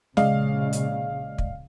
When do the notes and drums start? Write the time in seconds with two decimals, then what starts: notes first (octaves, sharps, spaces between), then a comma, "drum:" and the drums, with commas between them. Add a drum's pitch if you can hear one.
0.17 A#1 C#3 G#3 D5 D#5 F5, drum: snare
0.73 drum: hi-hat
1.38 drum: kick